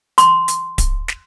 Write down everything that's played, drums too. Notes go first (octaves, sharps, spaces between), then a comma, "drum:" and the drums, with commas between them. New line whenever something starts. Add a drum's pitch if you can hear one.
C6, drum: hi-hat
drum: hi-hat
drum: kick D1, hi-hat
drum: snare